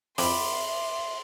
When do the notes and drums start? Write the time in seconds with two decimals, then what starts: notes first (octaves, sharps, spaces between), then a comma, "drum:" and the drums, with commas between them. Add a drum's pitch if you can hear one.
0.18 F2 E5 B5 C6 D6, drum: open hi-hat